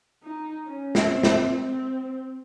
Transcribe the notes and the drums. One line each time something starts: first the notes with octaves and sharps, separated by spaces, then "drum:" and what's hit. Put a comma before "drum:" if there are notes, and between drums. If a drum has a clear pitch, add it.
D#4
C#4
drum: snare
C4
drum: snare
C4